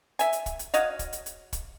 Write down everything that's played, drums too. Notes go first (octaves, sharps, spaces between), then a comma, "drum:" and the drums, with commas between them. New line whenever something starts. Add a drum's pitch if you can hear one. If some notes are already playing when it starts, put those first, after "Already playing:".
E5 G#5, drum: hi-hat
drum: hi-hat
drum: kick, hi-hat
drum: hi-hat
F#4 C#5 D#5 F5, drum: hi-hat
drum: kick, hi-hat
drum: hi-hat
drum: hi-hat
drum: kick, hi-hat